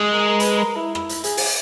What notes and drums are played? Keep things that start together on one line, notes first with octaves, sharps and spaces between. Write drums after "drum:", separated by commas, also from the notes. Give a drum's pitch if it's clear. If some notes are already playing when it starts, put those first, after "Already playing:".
Already playing: G#3
A#4
A#4
B4, drum: hi-hat
A#4
E4
E4, drum: rim click
drum: hi-hat
G#4, drum: hi-hat
drum: open hi-hat